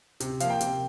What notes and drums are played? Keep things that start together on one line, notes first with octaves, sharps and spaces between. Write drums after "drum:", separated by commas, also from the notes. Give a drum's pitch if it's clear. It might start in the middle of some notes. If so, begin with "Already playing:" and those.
C3, drum: hi-hat
F3 A#3 F5, drum: hi-hat
G5
C3, drum: hi-hat